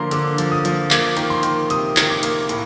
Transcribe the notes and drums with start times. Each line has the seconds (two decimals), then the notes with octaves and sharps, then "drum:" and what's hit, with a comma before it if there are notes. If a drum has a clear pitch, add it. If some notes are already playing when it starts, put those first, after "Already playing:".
Already playing: D3 F3 A#3 A#5 C6
0.11 D3 D6, drum: hi-hat
0.38 F3, drum: hi-hat
0.52 D#6
0.65 F3, drum: hi-hat
0.91 A#3 D6, drum: clap
1.17 D#3, drum: hi-hat
1.30 C6
1.43 D#3, drum: hi-hat
1.70 C3 D#6, drum: hi-hat
1.97 D#3, drum: clap
2.10 D6
2.23 A#3, drum: hi-hat
2.49 A2, drum: hi-hat